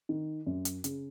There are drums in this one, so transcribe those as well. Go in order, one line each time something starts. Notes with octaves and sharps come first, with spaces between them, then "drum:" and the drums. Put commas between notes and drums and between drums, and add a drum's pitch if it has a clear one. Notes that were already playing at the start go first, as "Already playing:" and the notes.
D#3
F#2
drum: hi-hat
C#3, drum: hi-hat